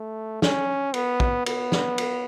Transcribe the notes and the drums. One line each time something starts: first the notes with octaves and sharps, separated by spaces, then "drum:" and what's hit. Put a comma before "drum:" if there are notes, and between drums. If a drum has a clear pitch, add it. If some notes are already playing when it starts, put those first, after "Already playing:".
Already playing: A3
C#4, drum: snare
B3, drum: cymbal
drum: kick
B3, drum: cymbal
drum: snare
drum: cymbal